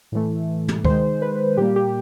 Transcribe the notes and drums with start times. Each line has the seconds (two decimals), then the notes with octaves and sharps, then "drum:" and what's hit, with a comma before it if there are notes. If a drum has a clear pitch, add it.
0.12 A2 E3 A3
0.68 drum: tom
0.85 D#3 G#3 C5, drum: kick D2
1.22 B4
1.57 A#2 G3 A#3 G4
1.76 G4